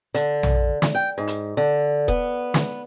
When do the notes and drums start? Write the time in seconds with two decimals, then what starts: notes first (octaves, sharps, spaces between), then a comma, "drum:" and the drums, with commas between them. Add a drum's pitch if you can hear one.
0.14 D3, drum: hi-hat
0.43 drum: tom A#1
0.82 drum: snare
0.95 G5
1.18 G#2
1.27 drum: hi-hat
1.57 D3
2.08 B3, drum: kick E1
2.54 drum: snare